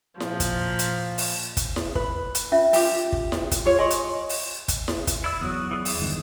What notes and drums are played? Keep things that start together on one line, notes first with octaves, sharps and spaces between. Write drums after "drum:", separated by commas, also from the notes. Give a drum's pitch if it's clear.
A#2 F3, drum: snare E4
drum: kick, hi-hat
drum: hi-hat
drum: open hi-hat
drum: kick, hi-hat
drum: snare E4
B4, drum: kick
drum: hi-hat
C#4 F4 E5
F4 G4 G5 D6, drum: open hi-hat
drum: kick
drum: snare E4
drum: kick, hi-hat
F4 G4 G#4 C#5
D#5 G#5 C6 C#6
drum: hi-hat
drum: open hi-hat
drum: kick, hi-hat
drum: snare E4
drum: kick, hi-hat
E4 D5 E6
E2 F#3 F#4 D#6
E3 G#4 D5
drum: open hi-hat
G1 D#3 G#3